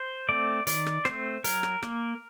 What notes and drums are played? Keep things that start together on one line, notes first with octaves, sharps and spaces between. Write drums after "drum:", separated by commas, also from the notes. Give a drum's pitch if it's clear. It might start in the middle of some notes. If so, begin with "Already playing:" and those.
Already playing: C5
A3 C4 D5
D#3 D5, drum: hi-hat
drum: rim click
A3 C4 C5, drum: rim click
F#3 A#4, drum: hi-hat
drum: rim click
A#3, drum: rim click